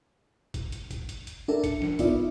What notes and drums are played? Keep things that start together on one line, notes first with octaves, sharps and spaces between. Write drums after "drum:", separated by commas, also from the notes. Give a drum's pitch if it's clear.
drum: kick, hi-hat
drum: hi-hat
drum: kick, hi-hat
drum: hi-hat
drum: hi-hat
D4 A4 A#4 E5
C#7, drum: kick, hi-hat
drum: snare F3
B3 D#4 F4 D5 E5, drum: kick, hi-hat